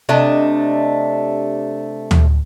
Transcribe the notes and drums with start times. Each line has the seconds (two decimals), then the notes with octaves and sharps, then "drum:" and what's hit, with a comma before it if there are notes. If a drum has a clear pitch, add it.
0.09 C3 A3 D4 D#5
2.11 drum: tom